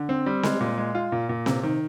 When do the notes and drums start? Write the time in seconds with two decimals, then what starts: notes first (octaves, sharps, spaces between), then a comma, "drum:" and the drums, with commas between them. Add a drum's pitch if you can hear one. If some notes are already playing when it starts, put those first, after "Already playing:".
Already playing: D3
0.09 C4
0.26 G3
0.43 G#3, drum: snare C4
0.61 A#2
0.78 G#3
0.95 F4
1.12 A#2
1.29 A#2
1.46 C3, drum: snare C4
1.63 D#3